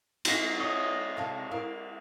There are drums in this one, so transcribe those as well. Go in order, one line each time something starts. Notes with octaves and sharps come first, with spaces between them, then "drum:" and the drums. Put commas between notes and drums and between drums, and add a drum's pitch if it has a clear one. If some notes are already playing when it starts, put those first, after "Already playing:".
D#4 F4, drum: cymbal
C#5 D#5
C3 F5 A5
E4 A#4 F5